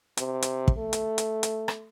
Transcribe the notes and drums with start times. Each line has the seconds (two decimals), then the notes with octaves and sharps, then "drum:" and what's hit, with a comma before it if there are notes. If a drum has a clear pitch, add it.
0.17 C3, drum: hi-hat
0.42 drum: hi-hat
0.68 drum: kick
0.78 A3
0.93 drum: hi-hat
1.18 drum: hi-hat
1.43 drum: hi-hat
1.68 drum: rim click